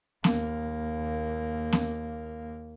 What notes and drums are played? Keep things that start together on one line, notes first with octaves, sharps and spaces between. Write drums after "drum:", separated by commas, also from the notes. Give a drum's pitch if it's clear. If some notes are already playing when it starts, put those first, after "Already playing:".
D#2 A#3, drum: snare B3
drum: snare B3